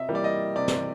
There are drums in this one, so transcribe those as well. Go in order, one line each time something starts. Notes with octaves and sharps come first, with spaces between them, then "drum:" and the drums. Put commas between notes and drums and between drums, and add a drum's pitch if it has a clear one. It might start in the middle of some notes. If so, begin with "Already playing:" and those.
Already playing: C3 D#5 E5
E3 G3 A#3
D5
D#5
C3 D5
drum: snare